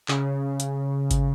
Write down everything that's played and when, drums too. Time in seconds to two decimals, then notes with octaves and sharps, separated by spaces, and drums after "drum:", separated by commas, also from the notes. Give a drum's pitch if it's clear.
0.08 C#3, drum: clap
0.60 drum: hi-hat
1.11 drum: kick G#1, hi-hat